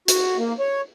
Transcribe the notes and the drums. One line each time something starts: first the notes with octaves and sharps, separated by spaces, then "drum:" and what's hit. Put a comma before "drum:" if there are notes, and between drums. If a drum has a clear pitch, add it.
F#4, drum: hi-hat
A#3
C#5